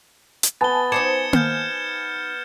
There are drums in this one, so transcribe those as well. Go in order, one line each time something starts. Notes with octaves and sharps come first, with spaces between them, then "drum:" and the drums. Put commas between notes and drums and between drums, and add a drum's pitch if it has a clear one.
drum: hi-hat
B3 G#5 A5 A6 G7
D#4 C5 D5 G#6 C#7 E7
F6 G6, drum: tom A#3